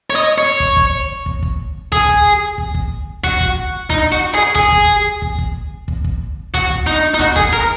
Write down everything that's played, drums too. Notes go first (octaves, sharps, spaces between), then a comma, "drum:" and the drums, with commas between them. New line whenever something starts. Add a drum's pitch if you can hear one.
C#5
D#5
C#5
drum: kick
drum: kick
drum: kick
drum: kick
G#4, drum: kick
drum: kick
drum: kick
drum: kick
F#4, drum: kick
drum: kick
D#4, drum: kick
F#4
G#4
G#4, drum: kick
drum: kick
drum: kick
drum: kick
drum: kick
drum: kick
F#4, drum: kick
drum: kick
D#4
D#4
F#4, drum: kick
G#4, drum: kick
A#4